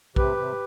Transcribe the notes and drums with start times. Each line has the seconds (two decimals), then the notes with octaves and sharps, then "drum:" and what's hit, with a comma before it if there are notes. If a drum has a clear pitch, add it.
0.16 C3 G4 B4, drum: kick
0.37 C3